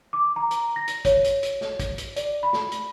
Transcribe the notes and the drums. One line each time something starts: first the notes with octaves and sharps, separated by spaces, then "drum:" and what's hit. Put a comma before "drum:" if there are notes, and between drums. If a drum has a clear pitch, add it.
D6
A#5
drum: hi-hat
A#6
drum: hi-hat
C#5, drum: kick, hi-hat
drum: hi-hat
drum: hi-hat
drum: snare
drum: kick, hi-hat
drum: hi-hat
D5, drum: hi-hat
B5
drum: snare
drum: hi-hat